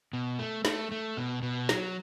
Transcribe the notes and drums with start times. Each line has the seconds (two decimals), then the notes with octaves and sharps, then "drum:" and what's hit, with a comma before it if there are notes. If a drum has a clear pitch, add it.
0.13 B2
0.39 A3
0.65 A3, drum: snare
0.92 A3
1.17 B2
1.43 B2
1.69 F#3, drum: snare